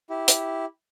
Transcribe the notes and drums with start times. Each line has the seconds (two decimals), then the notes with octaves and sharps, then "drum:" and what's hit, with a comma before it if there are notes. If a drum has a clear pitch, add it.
0.10 E4 G4
0.28 drum: hi-hat